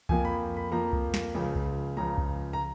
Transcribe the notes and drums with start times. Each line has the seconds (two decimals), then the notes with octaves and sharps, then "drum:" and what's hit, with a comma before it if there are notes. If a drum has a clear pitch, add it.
0.09 F2 F3 A#3 G#5, drum: kick C2
0.25 B5
0.57 B5
0.72 F2 F3 A#3 A#5
0.93 drum: kick C2
1.14 drum: snare
1.35 C#2 C#3 F3
1.55 drum: kick C2
1.97 C#2 C#3 F3 A#5
2.18 drum: kick C2
2.53 A#5